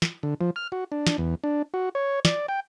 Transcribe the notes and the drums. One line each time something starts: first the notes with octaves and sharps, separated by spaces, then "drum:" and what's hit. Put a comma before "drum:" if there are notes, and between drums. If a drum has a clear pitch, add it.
drum: snare
D3
F3
F6
F#4
D4
drum: snare
E2
D4
F#4
C#5
D5, drum: snare
G5